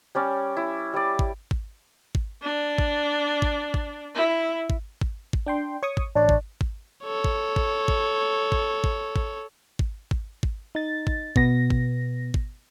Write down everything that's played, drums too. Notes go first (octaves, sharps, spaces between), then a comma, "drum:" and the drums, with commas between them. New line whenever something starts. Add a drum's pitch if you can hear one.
G3 C#4 D5
E4
G3 D5
drum: kick G#1
drum: kick G#1
drum: kick G#1
D4
drum: kick G#1
drum: kick G#1
drum: kick G#1
E4
drum: kick G#1
drum: kick G#1
drum: kick G#1
D4 G5 C6
C#5 C#6 D#6
drum: kick G#1
A1 D4 C#5
drum: kick G#1
drum: kick G#1
A4 C#5
drum: kick G#1
drum: kick G#1
drum: kick G#1
drum: kick G#1
drum: kick G#1
drum: kick G#1
drum: kick G#1
drum: kick G#1
drum: kick G#1
D#4 A6
drum: kick G#1
B2 B3 A#6, drum: kick G#1
drum: kick G#1
drum: kick G#1